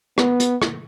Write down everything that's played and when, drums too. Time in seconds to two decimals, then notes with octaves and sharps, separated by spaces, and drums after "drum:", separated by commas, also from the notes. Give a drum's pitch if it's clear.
0.18 B3, drum: rim click
0.40 drum: hi-hat
0.62 drum: rim click